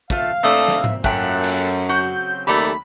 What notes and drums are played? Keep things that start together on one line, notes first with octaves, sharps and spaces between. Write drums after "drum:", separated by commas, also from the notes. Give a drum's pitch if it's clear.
A3 F4 F5, drum: kick
A#2 A3 C4 D4 D#5 E5
drum: snare
drum: tom G#2
F#2 A3 A#3 F4 A4 G5 F#6, drum: kick
drum: cymbal
C#3 F#3 C4 F#4 G6
D#2 A3 G4 A4 D5 B5